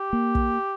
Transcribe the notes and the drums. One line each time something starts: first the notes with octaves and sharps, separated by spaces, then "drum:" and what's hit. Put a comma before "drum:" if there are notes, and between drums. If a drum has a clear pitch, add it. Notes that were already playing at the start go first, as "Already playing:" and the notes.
Already playing: G4
A#3
drum: kick